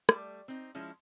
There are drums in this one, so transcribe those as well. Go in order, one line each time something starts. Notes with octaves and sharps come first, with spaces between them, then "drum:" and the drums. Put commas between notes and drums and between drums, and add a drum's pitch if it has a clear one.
G3 A3, drum: rim click
C4 D#4
F3 G#3 C#4 E4